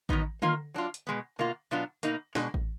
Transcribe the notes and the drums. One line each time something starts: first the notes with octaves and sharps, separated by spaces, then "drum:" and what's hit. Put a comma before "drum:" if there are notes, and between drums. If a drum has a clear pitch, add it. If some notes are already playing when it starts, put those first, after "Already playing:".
D#3 F#3 B3 D#4, drum: kick A1
D#3 A#3 F4, drum: tom D3
F#3 D4 F4
drum: hi-hat
B2 G#3 B3
B2 A#3 F4
B2 F#3 B3 D4 F4
B2 A#3 D#4, drum: hi-hat
B2 G#3 D4, drum: snare
drum: kick A1